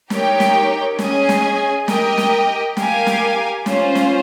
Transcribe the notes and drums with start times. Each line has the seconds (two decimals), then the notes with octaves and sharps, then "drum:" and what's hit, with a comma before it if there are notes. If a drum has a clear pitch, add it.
0.10 D#4 G4 A#4 C#5 G5, drum: snare
0.40 drum: snare
0.99 C#4 G#4 D#5 G#5, drum: snare
1.29 drum: snare
1.88 G4 A#4 D#5 G5, drum: snare
2.18 drum: snare
2.77 G4 A#4 F5 G#5, drum: snare
3.07 drum: snare
3.66 C#4 F4 C5, drum: snare
3.95 drum: snare